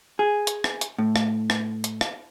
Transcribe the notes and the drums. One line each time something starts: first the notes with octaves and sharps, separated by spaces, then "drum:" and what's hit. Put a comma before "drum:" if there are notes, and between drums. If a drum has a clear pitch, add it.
G#4
drum: hi-hat
drum: rim click
drum: hi-hat
A2
drum: rim click
drum: rim click
drum: hi-hat
drum: rim click